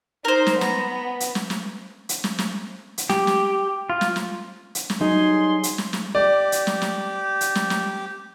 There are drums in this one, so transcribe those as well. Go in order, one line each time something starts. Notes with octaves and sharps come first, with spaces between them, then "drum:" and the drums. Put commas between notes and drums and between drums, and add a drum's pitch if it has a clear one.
D#4 A#4 C5
drum: snare
B3 A#5, drum: snare
drum: hi-hat
drum: snare
drum: snare
drum: hi-hat
drum: snare
drum: snare
drum: hi-hat
G4, drum: snare
drum: snare
F4
drum: snare
drum: snare
drum: hi-hat
drum: snare
F#3 G3 D#4 G#4 C6
drum: hi-hat
drum: snare
drum: snare
G4 D5
drum: hi-hat
drum: snare
drum: snare
drum: hi-hat
drum: snare
drum: snare